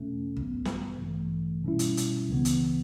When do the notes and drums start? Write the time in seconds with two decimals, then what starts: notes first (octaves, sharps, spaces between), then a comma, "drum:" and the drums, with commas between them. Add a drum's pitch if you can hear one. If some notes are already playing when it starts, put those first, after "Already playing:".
Already playing: E2 B2 A3 C#4
0.37 A1 G2 F#3 B3, drum: kick
0.65 drum: snare
1.01 A1 G2 E3 A3
1.64 B2 G3 C#4 E4
1.79 drum: hi-hat
1.97 drum: hi-hat
2.28 C#2 C#3 E3 B3
2.45 drum: hi-hat